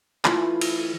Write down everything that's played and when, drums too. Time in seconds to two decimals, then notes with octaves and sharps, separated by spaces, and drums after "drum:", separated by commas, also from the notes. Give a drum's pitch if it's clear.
0.25 E3 A3 E4 F4 G#5 B5, drum: clap
0.61 drum: cymbal